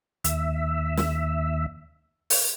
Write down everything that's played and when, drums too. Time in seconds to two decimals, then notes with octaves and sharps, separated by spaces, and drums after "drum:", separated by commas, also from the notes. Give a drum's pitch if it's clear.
0.24 D#2 E5, drum: hi-hat
0.97 drum: snare
2.30 drum: open hi-hat